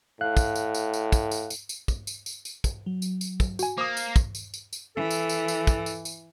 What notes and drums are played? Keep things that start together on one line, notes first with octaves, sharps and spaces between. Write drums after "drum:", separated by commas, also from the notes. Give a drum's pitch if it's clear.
A2 F5 F#6
drum: kick, tambourine
drum: tambourine
drum: tambourine
drum: tambourine
drum: kick, tambourine
drum: tambourine
drum: tambourine
drum: tambourine
drum: kick, tambourine
drum: tambourine
drum: tambourine
drum: tambourine
drum: kick, tambourine
F#3
drum: tambourine
drum: tambourine
drum: kick, tambourine
F#4 G#5, drum: tambourine
A#3 C5 D6 D#6
drum: tambourine
drum: kick, tambourine
drum: tambourine
drum: tambourine
drum: tambourine
E3 A4
drum: tambourine
drum: tambourine
drum: tambourine
drum: kick, tambourine
drum: tambourine
drum: tambourine